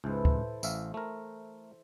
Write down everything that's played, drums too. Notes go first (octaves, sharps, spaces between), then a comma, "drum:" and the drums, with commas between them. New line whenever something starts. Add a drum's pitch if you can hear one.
C#2 G#2 E3 A4 C5
drum: kick
A1 E5 F5, drum: tambourine
A3 A#4